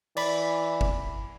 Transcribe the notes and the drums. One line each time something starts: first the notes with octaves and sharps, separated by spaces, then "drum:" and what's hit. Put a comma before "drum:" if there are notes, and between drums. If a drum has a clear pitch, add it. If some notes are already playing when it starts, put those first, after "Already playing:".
E3 D5 B5, drum: cymbal
drum: kick G1